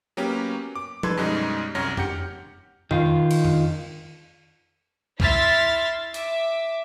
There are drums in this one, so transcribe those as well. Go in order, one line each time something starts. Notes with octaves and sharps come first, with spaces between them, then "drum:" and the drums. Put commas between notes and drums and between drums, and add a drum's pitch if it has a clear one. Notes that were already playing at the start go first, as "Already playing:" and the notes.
F#3 A#3 B3 C#4 G4
D6
A4 B4 C6 G#6, drum: tom F3
F#2 B2 G3 G#3 D#4
C2 F#2 C#5 A#5 F6 A#6
G4 F#5 G6 C#7, drum: tom F2
D#3 F4, drum: tom F2
drum: cymbal
drum: tom F2
E4 E5 C6 F6 A6 B6, drum: kick C2
E5 D6, drum: hi-hat